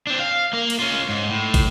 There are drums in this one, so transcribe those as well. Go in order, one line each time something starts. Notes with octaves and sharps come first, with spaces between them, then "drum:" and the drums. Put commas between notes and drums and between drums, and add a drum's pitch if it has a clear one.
C4 D4
F5
A#3 A#4
drum: cymbal
C#4 F4
G#2
A2
drum: kick, cymbal